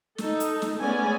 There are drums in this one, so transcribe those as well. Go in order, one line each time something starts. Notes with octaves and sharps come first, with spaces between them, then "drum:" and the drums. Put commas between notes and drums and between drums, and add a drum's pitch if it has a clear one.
D#4 A4, drum: snare
drum: hi-hat
drum: snare
G#3 A3 B3 C#4 D5 G#5